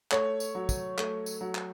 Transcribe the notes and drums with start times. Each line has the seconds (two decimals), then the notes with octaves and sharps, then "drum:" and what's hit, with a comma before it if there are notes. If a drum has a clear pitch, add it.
0.11 A3 C#5, drum: clap
0.40 drum: tambourine
0.55 F#3
0.69 drum: kick, tambourine
0.98 A3, drum: clap
1.26 drum: tambourine
1.41 F#3
1.55 drum: clap